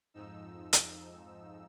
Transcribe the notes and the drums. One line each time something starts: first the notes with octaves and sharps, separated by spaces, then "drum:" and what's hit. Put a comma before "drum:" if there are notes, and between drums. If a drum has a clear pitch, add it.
F2 G#2 F3 D#4 E6
drum: hi-hat